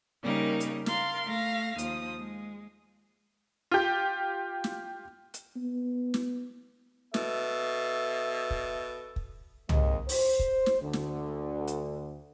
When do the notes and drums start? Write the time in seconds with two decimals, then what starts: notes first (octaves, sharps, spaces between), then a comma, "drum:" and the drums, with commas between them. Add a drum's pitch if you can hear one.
0.22 C#3 G3 A#3 D#4 A#4
0.60 drum: hi-hat
0.86 A#4 F5 C6 A6, drum: snare
1.25 A3 F5 A#6
1.78 D#2 F3 D#6, drum: hi-hat
2.18 G#3
3.71 F4 G4
4.64 drum: snare
5.34 drum: hi-hat
5.56 B3
6.14 drum: snare
7.14 B2 A4 E5, drum: snare
8.51 drum: kick
9.16 drum: kick
9.69 D#2 C3 G#3 D#5, drum: tom
10.09 C5, drum: open hi-hat
10.39 drum: kick
10.66 drum: snare
10.81 D2 D3
10.93 drum: snare
11.67 drum: hi-hat